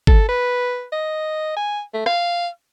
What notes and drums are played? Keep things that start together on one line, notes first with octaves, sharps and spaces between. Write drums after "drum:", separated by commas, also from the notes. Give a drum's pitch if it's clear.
A4, drum: kick
B4
D#5
G#5
A3
F5, drum: rim click